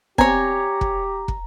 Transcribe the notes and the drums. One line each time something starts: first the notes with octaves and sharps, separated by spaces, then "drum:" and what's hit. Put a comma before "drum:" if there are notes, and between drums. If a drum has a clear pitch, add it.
B3 C4 G4 C#5 G#5 A#5, drum: kick
drum: kick
drum: kick